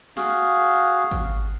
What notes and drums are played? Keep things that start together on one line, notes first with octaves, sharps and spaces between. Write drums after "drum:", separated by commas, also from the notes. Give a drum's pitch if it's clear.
F#4 G#4 F5, drum: snare
drum: kick G#1